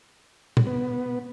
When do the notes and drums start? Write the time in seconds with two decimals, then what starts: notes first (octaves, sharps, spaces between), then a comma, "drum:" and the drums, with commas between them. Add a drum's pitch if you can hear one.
0.57 drum: tom
0.67 B3